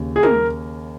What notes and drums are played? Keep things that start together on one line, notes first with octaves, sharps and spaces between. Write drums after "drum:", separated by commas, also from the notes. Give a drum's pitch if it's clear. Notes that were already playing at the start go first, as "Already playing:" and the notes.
Already playing: D#2 C#3
G#4
A#4, drum: tom